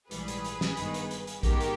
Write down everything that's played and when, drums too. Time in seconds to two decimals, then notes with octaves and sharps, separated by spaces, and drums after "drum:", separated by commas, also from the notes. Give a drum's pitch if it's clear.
0.11 A#1 G#2 E3 G3 G#4 B4, drum: hi-hat
0.28 drum: hi-hat
0.45 drum: hi-hat
0.61 drum: snare
0.77 G1 G2 D#3 G#3 B3, drum: hi-hat
0.94 drum: hi-hat
1.11 drum: hi-hat
1.27 drum: hi-hat
1.43 G#2 D#3 G#3 B3 G4 A#4, drum: kick A#1, hi-hat
1.60 drum: hi-hat